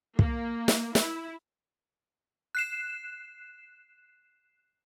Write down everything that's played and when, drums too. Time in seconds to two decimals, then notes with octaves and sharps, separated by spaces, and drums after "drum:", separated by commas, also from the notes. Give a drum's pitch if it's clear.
0.19 A#3, drum: kick
0.68 drum: snare
0.95 E4, drum: snare
2.55 F#6 C7 E7